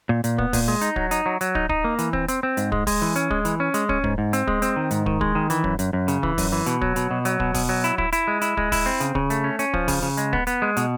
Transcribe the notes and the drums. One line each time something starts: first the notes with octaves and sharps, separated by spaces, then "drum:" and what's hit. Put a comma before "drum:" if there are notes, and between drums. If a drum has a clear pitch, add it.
A#2
A#2, drum: hi-hat
B3, drum: kick
A#2, drum: kick, open hi-hat
G#3
D#4, drum: hi-hat
F#3, drum: kick
D#4, drum: hi-hat
F#3
F#3, drum: hi-hat
D#4, drum: kick
D#4, drum: kick
A#3
E3, drum: hi-hat
C4, drum: kick
C4, drum: hi-hat
C4
G#2, drum: hi-hat
G#3, drum: kick
G#3, drum: kick, open hi-hat
E3
C#4, drum: hi-hat
G#3, drum: kick
E3, drum: hi-hat
C#4
G#3, drum: hi-hat
C#4, drum: kick
G#2, drum: kick
G#2
C4, drum: hi-hat
G#3, drum: kick
C4, drum: hi-hat
D#3
G#2, drum: hi-hat
D#3, drum: kick
G#3, drum: kick
D#3
E3, drum: hi-hat
F#2, drum: kick
F#2, drum: hi-hat
F#2
C#3, drum: hi-hat
E3, drum: kick
F#2, drum: kick, open hi-hat
E3
B2, drum: hi-hat
F#3, drum: kick
B2, drum: hi-hat
B2
F#3, drum: hi-hat
B2, drum: kick
B2, drum: kick, open hi-hat
F#3
E4, drum: hi-hat
E4, drum: kick
E4, drum: hi-hat
G#3
E4, drum: hi-hat
G#3, drum: kick
E4, drum: kick, open hi-hat
C4
C#3, drum: hi-hat
C#3, drum: kick
A3, drum: hi-hat
C#4
C#4, drum: hi-hat
F3, drum: kick
C#3, drum: kick, open hi-hat
C#3
G#3, drum: hi-hat
B3, drum: kick
B3, drum: hi-hat
G#3
B2, drum: hi-hat